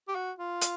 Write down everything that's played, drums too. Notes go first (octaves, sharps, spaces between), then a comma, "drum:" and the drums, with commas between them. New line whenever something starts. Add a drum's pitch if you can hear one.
G4
F#4
F4
drum: hi-hat